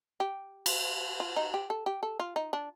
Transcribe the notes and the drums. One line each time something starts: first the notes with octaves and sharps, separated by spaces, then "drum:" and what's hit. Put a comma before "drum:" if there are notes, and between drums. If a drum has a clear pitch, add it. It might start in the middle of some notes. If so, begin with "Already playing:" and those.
G4
drum: cymbal
F4
D#4
G4
A4
G4
A4
F4
D#4
D4